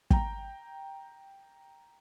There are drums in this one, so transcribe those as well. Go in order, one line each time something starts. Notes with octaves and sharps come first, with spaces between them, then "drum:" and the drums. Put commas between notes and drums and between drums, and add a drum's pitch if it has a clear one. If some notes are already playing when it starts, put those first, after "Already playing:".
G5 A#5, drum: kick